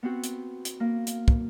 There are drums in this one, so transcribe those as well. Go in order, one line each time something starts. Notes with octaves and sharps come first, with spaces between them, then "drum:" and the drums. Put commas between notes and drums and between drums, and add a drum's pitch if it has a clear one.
B3 C4 F#4
drum: hi-hat
drum: hi-hat
A#3
drum: hi-hat
drum: kick